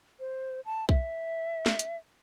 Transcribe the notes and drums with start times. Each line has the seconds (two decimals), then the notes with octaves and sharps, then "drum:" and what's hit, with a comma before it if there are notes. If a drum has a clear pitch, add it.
0.20 C5
0.65 A5
0.89 E5, drum: kick B1
1.66 drum: snare
1.79 drum: hi-hat